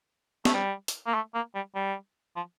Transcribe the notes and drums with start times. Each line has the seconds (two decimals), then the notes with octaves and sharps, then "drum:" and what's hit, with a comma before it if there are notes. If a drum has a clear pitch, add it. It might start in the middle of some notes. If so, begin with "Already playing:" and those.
0.45 A3, drum: snare
0.54 G3
0.88 drum: hi-hat
1.06 A#3
1.14 A3
1.34 A#3
1.55 G3
1.75 G3
2.36 F3